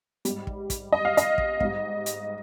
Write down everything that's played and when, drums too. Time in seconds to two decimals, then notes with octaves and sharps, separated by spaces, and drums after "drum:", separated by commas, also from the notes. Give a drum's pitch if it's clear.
0.25 G#2 G3, drum: hi-hat
0.47 drum: kick
0.70 drum: kick, hi-hat
0.93 D#5
1.05 F5
1.17 D#5, drum: hi-hat
1.38 drum: kick
1.60 G#2 G3, drum: kick
2.06 drum: hi-hat